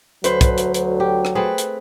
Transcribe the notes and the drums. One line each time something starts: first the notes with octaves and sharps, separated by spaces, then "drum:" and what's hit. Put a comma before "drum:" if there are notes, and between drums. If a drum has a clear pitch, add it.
D2 F#3 B4 C5, drum: hi-hat
drum: kick, hi-hat
drum: hi-hat
drum: hi-hat
G4
drum: rim click
A3 C4 G#4 B4
drum: hi-hat